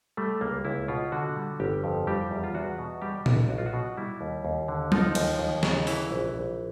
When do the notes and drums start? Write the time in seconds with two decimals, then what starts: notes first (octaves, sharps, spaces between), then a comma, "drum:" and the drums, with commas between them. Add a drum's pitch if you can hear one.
0.17 G3 A3
0.41 C#2 A#3
0.65 C#2 E4
0.88 B2 F4
1.12 D3 F#4
1.36 G3
1.60 G1 G4
1.84 F2
2.07 G3 G4
2.31 E2
2.44 F4
2.55 E2 F#4
2.78 B2
3.02 G3 G4
3.26 B1, drum: tom A#2
3.49 B1 F#4
3.58 F4
3.66 F#4
3.73 B2
3.97 G3 E4
4.21 D#2
4.45 D#2
4.68 D3
4.92 F3 D#4, drum: tom F#3
5.15 D#2, drum: cymbal
5.39 D#2
5.63 C#3, drum: snare
5.87 E3 E4, drum: open hi-hat
6.11 A#1
6.34 A#1